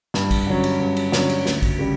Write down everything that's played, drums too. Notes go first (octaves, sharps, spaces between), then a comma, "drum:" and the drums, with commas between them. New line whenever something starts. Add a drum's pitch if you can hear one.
G2, drum: snare
drum: kick, cymbal
D3 F#3 C#4
drum: cymbal
G2
drum: cymbal
D3 F#3 C#4, drum: snare
drum: cymbal
D2, drum: snare
drum: kick, cymbal
C#3 G3